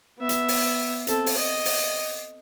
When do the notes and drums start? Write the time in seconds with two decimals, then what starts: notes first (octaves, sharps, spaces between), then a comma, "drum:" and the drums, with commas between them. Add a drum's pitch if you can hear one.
0.19 B3 E5
0.29 drum: hi-hat
0.48 drum: open hi-hat
1.07 C4 A4, drum: hi-hat
1.26 drum: open hi-hat
1.38 D#5
1.65 drum: open hi-hat